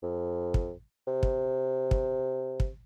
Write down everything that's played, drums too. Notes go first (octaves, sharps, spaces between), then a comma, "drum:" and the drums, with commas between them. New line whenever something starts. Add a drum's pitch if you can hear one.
F2
drum: kick
C3
drum: kick
drum: kick
drum: kick